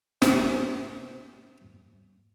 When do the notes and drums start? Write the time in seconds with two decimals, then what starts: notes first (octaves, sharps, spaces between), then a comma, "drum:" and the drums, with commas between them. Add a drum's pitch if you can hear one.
0.22 C3 G#4, drum: snare